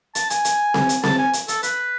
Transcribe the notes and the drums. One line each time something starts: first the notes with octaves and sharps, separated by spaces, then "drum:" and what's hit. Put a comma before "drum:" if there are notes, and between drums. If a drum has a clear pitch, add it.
A5, drum: hi-hat
G#5, drum: hi-hat
drum: hi-hat
drum: snare C4
drum: hi-hat
A5, drum: snare C4
G#5
drum: hi-hat
A4, drum: hi-hat
B4, drum: hi-hat